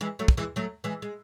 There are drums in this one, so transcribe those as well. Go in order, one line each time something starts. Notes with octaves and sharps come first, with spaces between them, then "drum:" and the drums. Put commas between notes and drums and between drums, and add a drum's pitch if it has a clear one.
E3 G#3
F#3 A3
drum: kick
E3 G#3
F#3 A3
E3 G#3
G#3